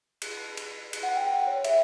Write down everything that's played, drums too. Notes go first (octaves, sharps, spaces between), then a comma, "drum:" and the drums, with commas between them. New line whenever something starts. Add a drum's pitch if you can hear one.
drum: cymbal
drum: cymbal
drum: cymbal
F#5
G5
G5
C#5
E5, drum: cymbal